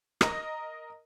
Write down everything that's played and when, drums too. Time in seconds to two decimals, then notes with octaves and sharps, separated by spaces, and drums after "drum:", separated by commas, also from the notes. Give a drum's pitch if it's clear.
0.21 A#4 D#5, drum: rim click